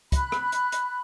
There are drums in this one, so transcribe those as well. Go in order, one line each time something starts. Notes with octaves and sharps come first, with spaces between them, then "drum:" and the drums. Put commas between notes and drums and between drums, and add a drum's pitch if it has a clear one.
B5 F#6, drum: kick, hi-hat
drum: rim click
drum: hi-hat
drum: hi-hat